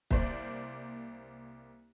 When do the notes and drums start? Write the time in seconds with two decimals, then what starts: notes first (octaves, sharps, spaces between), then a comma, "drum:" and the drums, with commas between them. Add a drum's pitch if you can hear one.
0.11 C2 A#3 C5 D5, drum: kick